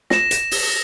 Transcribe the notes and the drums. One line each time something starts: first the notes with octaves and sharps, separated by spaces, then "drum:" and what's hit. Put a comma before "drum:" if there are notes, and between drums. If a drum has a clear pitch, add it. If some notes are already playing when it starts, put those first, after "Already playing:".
A#6 E7, drum: snare
drum: hi-hat
drum: open hi-hat